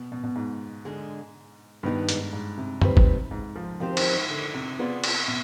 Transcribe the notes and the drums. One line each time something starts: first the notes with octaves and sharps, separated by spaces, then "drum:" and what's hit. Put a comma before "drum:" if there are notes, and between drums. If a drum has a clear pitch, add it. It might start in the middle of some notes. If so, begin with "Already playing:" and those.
Already playing: B2
B2
B2
G#2
D3 G#3 D4 G#4
G2 D#3 B3 D#4 B4 D#5
G#2, drum: hi-hat
G#2
C3
G3 C4 D#4 B4, drum: tom F#2
drum: kick
G#2
F3
D#3 F3 C4 G4 C5
D#3, drum: cymbal
D#3
D3
C3
B3 F4 G#4 B4 D5
drum: cymbal
B2